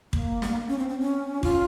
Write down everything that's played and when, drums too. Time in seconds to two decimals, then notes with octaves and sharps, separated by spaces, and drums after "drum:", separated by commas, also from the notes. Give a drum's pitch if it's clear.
0.13 A#3, drum: kick
0.42 drum: snare
0.68 C#4
0.78 C4
0.89 C4
1.00 C#4
1.43 F4, drum: kick